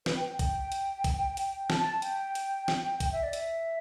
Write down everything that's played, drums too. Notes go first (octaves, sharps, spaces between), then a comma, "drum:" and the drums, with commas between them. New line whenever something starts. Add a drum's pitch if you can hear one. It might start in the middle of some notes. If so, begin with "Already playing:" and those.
B4, drum: snare
G5
G5
G5, drum: kick B1, hi-hat
drum: hi-hat
drum: kick B1, hi-hat
drum: hi-hat
A5, drum: snare
A5
G5, drum: hi-hat
drum: hi-hat
drum: snare
G5, drum: kick B1, hi-hat
E5
D5
E5, drum: hi-hat